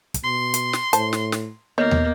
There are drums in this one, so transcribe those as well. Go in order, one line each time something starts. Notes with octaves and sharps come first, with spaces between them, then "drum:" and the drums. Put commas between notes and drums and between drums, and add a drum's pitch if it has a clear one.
drum: kick, hi-hat
B2 C6
drum: hi-hat
drum: snare
A2 C5 A5, drum: hi-hat
drum: snare
drum: snare
D#2 A#3 B3 C#5 D#5 G6
drum: tom